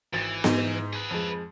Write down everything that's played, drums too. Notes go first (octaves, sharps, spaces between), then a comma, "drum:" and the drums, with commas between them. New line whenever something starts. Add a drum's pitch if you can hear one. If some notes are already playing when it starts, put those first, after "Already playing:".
G#1 E3 A6
G#2 D#4, drum: snare B3
G#4 B4
F2 G#3